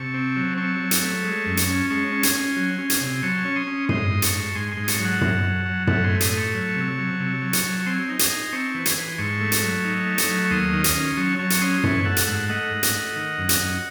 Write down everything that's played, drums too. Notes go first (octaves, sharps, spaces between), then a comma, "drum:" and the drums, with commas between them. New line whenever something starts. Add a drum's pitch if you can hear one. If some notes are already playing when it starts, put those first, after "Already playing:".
Already playing: C3 A5 C#6
C4
F#3
C4 A5 C#6
F#3
drum: hi-hat
A3
G#3
F#2
drum: hi-hat
C#4
G#3 A5 C#6
C#4
G#5 C6, drum: hi-hat
C#4
F#3
C#4
drum: hi-hat
C3
F#3 A5 C#6
C#4
C6 D#6
C#4
G#2 C6 D#6, drum: tom
G#2
A5 C#6, drum: hi-hat
G#2
G#2 G#5 C6
G#5 C6
G#2
D#6
A5 C#6, drum: hi-hat
F#3
F#5 A5
F#3, drum: tom
F#3
F#3
A3 F#5 A5, drum: tom
G#5 C6
A2
C6 D#6, drum: hi-hat
A3
A5 C#6
F#3
C3
F#3
C3
F#3
drum: hi-hat
F#3
C#6
C4 G#5 C6
D#4
drum: hi-hat
D#4
C4 A5 C#6
E3
G#5 C6, drum: hi-hat
E3
G#2 A5 C#6
A3
drum: hi-hat
F#3
D#4
A3
drum: hi-hat
F#3
C#6
D#2 C6 D#6
D#3
drum: hi-hat
C#4
F#3 A5 C#6
F#3 A5 C#6
drum: hi-hat
C#4 C6 D#6
C6
E3 A5 C#6, drum: tom
A3 F#5 A5
drum: hi-hat
G#2 F#5 A5
A3 D#5 F#5
G#2
drum: hi-hat
A3
D#3
F#2
drum: hi-hat
F#2